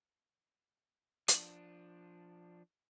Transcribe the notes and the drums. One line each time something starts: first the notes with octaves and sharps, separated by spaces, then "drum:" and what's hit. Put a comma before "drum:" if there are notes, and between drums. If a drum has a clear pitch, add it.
F3 D4, drum: hi-hat